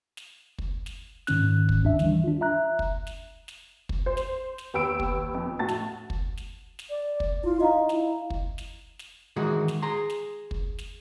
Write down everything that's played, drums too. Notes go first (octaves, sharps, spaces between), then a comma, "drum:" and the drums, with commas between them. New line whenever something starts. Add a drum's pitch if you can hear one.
drum: snare
drum: kick
drum: snare
G#2 D#3 C#4 F#6, drum: snare
drum: kick
D2 G2 D4 E5
D#3 E3 G3, drum: snare
D4 F4
E5 A#5 F#6
drum: kick
drum: snare
drum: snare
drum: kick
C5
drum: snare
drum: snare
D#2 B3 G5 B5 E6 D7
drum: kick
F2
A2 F#4 A5 A6
drum: snare
drum: kick
drum: snare
drum: snare
D5
drum: kick
E4 F4
D#4 D#5 F5 A#5
E4, drum: snare
drum: kick
drum: snare
drum: snare
D#3 E3 G#3 F#4 G#4
drum: snare
G#4 A#5 C6
drum: snare
drum: kick
drum: snare